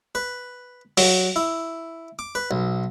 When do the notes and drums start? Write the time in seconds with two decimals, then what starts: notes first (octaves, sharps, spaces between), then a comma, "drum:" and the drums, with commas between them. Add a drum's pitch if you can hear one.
0.15 B4
0.97 F#3, drum: open hi-hat
1.36 E4
2.19 D6
2.35 B4
2.51 B1